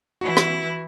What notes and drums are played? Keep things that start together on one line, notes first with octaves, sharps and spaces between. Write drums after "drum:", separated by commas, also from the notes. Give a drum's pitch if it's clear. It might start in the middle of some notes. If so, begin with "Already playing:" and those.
E3 E4 F#4
drum: rim click